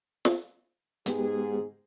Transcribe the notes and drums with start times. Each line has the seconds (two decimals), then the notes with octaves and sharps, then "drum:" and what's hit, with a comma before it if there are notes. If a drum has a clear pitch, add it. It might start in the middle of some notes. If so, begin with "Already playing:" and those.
0.25 drum: snare
1.06 G#2 G#3 B3 G4 G#4, drum: hi-hat